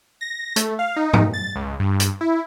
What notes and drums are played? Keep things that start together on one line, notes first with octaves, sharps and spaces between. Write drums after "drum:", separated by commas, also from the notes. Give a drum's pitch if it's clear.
A#6
A3, drum: hi-hat
F5
D#4
drum: tom G#2
A6
C#2
G2
drum: hi-hat
E4